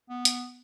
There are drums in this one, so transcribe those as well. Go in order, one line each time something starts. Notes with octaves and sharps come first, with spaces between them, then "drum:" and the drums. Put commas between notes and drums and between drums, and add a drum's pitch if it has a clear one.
B3
drum: hi-hat